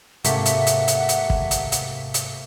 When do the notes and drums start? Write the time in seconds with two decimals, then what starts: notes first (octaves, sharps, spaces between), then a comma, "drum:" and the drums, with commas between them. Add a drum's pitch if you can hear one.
0.24 G#2 C3 A3 A#3 G4 F#5 B6, drum: hi-hat
0.45 drum: hi-hat
0.67 drum: hi-hat
0.88 drum: hi-hat
1.09 drum: hi-hat
1.30 drum: kick
1.51 drum: hi-hat
1.72 drum: hi-hat
2.14 drum: hi-hat